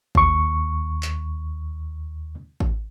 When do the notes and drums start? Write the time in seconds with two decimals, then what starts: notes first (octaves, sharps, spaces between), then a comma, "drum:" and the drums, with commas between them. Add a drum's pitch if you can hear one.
0.15 D#2 C#6, drum: kick G#1
1.03 drum: clap
2.60 drum: kick G#1